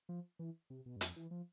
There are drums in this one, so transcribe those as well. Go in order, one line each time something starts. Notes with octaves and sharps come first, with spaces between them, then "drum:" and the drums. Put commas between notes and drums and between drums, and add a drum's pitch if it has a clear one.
F3
E3
C3
B2
G2
F2, drum: hi-hat
E3
F3